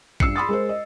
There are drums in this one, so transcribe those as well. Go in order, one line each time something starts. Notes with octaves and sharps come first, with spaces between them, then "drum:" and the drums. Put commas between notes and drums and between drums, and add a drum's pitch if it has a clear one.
G2 E6 C7 C#7, drum: kick A1
B5 C6 D#6 A6
G#3 A#4 C5
D#5